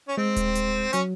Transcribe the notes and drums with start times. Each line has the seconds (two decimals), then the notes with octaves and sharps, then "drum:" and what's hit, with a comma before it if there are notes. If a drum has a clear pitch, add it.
0.09 C#4
0.17 G#3 C4
0.36 drum: kick D#1, hi-hat
0.55 drum: hi-hat
0.93 F#3 C#4, drum: hi-hat